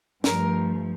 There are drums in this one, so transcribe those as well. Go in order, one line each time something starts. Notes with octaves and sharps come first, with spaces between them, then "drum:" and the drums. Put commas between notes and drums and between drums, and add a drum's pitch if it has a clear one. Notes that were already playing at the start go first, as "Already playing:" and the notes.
G2 F3 A3 A#4, drum: snare